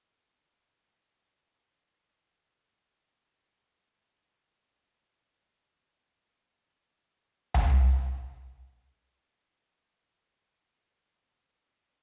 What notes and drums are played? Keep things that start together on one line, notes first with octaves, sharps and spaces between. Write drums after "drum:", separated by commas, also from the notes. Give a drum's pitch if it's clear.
F3 E5
F3
F#2 A2 F3 B4 F#5 G5 F#6 D#7
F#5 C7 D7
F#3 G5
A#3 C#4 F4 A#4
F4 G#4 B4
drum: tom C2
D#4 E4
G#3 A#4
F#5 C#6